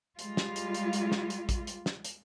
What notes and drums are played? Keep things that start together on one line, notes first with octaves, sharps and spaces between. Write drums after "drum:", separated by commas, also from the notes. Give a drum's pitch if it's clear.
G3 G#3 F4, drum: hi-hat
drum: snare
drum: hi-hat
drum: hi-hat
drum: hi-hat
drum: snare
drum: hi-hat
drum: kick A#1, hi-hat
drum: hi-hat
drum: snare
drum: hi-hat